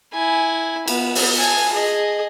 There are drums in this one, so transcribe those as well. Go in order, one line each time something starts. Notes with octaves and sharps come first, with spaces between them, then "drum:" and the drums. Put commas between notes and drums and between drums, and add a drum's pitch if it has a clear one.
E4 G#5
B3, drum: cymbal
drum: open hi-hat
G#5 A5
G#4 D#5